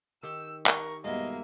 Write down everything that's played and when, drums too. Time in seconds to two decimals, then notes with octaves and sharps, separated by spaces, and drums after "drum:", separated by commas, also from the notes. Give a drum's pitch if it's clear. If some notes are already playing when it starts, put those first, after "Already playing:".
0.23 D#3 G4 G5 E6
0.66 G4 A#4 C#6, drum: clap
1.05 G2 B2 G#3 A#3 D#5 E5